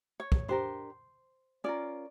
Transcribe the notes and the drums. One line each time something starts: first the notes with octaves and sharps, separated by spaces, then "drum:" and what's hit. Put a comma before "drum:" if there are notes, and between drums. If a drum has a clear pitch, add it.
C#5
drum: kick
D4 G4 A#4 C5
C#4 F4 A#4 D5